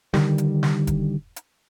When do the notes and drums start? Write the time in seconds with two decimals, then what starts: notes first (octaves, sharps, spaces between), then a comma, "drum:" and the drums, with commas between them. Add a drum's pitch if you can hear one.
0.14 D3 D#3 G3, drum: snare
0.38 drum: hi-hat
0.63 drum: snare
0.87 drum: kick E1, hi-hat
1.36 drum: hi-hat